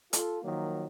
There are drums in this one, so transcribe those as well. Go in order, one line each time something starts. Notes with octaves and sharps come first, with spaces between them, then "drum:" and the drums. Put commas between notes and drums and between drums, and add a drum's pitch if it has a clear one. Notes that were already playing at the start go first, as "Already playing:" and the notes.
F4 A4, drum: hi-hat
D#3 F3 F#3 A#3